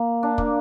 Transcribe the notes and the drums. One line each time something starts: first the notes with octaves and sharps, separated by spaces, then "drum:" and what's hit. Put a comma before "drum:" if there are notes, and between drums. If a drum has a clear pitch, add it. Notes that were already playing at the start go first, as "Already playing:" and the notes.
Already playing: A#3
D4
A#3, drum: kick